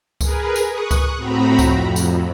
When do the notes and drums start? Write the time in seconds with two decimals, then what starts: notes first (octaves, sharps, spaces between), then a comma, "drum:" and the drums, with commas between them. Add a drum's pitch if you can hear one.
0.21 G#4 A#4 B4, drum: kick C#2, tambourine
0.56 drum: tambourine
0.70 C#6 D#6 F#6
0.91 drum: kick C#2, tambourine
1.17 A2 C4 F#4 A#5 B5
1.59 F2, drum: kick C#2, tambourine
1.96 drum: tambourine